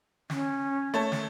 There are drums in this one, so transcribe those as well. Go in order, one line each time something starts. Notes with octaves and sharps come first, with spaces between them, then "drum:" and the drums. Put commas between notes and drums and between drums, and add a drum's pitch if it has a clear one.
C#4, drum: snare
A3 C#5 A5
drum: snare